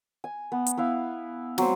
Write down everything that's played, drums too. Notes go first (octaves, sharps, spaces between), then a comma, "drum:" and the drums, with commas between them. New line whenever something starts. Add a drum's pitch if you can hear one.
G#5
B3
drum: hi-hat
B3 E4 F5
F#3 C4 C5, drum: snare